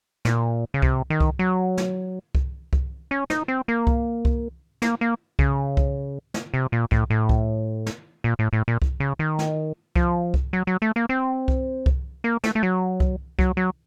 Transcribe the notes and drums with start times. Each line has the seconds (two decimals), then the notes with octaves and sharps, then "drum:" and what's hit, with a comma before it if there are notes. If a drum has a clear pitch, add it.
0.25 A#2, drum: snare
0.74 C#3
0.82 C3, drum: kick C2
1.10 D#3
1.20 drum: kick C2
1.39 F#3
1.78 drum: snare
2.35 drum: kick C2
2.73 drum: kick C2
3.11 C#4
3.30 D#4, drum: snare
3.48 C4
3.68 A#3
3.87 drum: kick C2
4.25 drum: kick C2
4.82 A#3, drum: snare
5.01 A#3
5.39 C#3, drum: kick C2
5.77 drum: kick C2
6.34 drum: snare
6.54 C3
6.72 A#2
6.91 A2, drum: kick C2
7.10 A2
7.29 drum: kick C2
7.86 drum: snare
8.24 A#2
8.39 A2
8.53 A2
8.68 A#2
8.82 drum: kick C2
9.00 C#3
9.19 D#3
9.39 drum: snare
9.95 F3, drum: kick C2
10.34 drum: kick C2
10.53 F#3
10.67 F#3
10.82 A3
10.96 A#3
11.09 C4
11.48 drum: kick C2
11.86 drum: kick C2
12.24 A#3
12.44 A3, drum: snare
12.55 A3
12.63 F#3
13.00 drum: kick C2
13.39 F#3, drum: kick C2
13.57 F#3